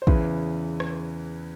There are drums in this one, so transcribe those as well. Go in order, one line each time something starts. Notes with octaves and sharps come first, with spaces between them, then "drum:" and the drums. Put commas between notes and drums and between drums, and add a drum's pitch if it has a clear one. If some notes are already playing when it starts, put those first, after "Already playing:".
C5
E2 C#3 E3 B4, drum: kick
drum: rim click